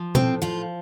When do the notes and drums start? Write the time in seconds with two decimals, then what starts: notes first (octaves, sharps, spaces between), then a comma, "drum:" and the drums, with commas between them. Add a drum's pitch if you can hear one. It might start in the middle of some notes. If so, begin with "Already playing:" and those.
Already playing: F3
0.15 A2 C4, drum: tom B2
0.42 F3 F4